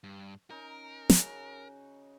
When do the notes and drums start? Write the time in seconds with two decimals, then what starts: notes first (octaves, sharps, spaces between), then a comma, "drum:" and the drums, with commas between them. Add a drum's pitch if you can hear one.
0.04 G2
0.50 C#4 D#4 A#4
1.10 C#3 F#4 C#5, drum: snare